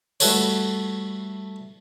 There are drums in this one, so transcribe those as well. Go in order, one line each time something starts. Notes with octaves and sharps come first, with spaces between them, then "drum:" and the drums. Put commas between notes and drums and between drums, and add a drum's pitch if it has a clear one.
G3 A3 F#4 A4 B4 C#5, drum: tambourine